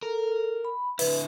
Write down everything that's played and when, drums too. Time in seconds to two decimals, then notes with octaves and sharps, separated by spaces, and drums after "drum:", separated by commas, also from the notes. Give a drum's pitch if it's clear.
0.03 A4 A#4
0.65 B5
0.99 D3 E4 B4, drum: open hi-hat